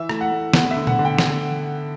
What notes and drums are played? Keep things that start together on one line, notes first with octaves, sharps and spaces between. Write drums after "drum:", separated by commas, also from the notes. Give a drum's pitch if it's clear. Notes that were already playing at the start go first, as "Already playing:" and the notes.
Already playing: E3 E5
A3, drum: rim click
F#5
A3
B3 F#5, drum: snare
E5
D3
F#5, drum: tom A#2
D3
G5
drum: snare